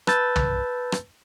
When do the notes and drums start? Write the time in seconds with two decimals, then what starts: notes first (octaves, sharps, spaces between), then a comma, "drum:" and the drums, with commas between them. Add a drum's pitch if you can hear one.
0.07 B4 A5 E6 G6 A6, drum: rim click
0.36 drum: tom
0.92 drum: rim click